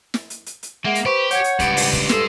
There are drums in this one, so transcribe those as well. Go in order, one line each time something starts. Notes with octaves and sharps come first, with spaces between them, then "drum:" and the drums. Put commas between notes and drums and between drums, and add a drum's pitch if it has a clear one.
drum: snare
drum: hi-hat
drum: hi-hat
drum: hi-hat
G#3 A#3 E5 F#5
drum: hi-hat
G4 B4 C5 C#6
C#5 F#5 G6 G#6, drum: hi-hat
drum: hi-hat
C#2 G3 B4 D5, drum: kick, hi-hat
drum: open hi-hat
drum: kick
G#3 A4 C5, drum: snare